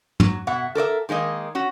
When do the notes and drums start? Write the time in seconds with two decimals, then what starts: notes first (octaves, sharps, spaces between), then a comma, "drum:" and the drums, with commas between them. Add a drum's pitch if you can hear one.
0.20 F#3, drum: tom
0.47 B2 E5 F#5
0.75 A4 A#4 D5 E5
1.09 D#3 G#3 A#3 D#5
1.55 C#4 F#4